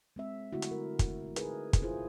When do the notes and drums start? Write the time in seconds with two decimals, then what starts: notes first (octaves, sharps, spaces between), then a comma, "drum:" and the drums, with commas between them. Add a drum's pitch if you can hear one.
0.16 G#3 C4 E5
0.53 D3 F#3 A3 E4 F#4
0.62 drum: hi-hat
0.71 A#4
0.99 drum: kick, hi-hat
1.36 D#4 G#4 A#4 B4, drum: hi-hat
1.73 drum: kick, hi-hat
1.82 E4 F4 G#4 C5